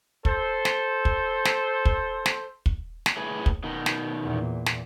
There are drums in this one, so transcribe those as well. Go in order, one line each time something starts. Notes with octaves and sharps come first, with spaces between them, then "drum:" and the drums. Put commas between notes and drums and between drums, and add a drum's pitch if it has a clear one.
A4 C5, drum: kick
drum: snare
drum: kick
drum: snare
drum: kick
drum: snare
drum: kick
drum: snare
A2 G#4 B4
drum: kick
B2 D#3
drum: snare
E2 A#2
drum: snare